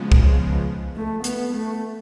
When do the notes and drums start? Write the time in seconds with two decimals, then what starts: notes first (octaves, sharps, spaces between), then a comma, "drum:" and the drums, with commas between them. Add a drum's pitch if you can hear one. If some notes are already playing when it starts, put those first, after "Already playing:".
Already playing: C#3 F3 G#3 B3
0.12 drum: kick C2
0.96 A3
1.24 B3, drum: hi-hat
1.53 A3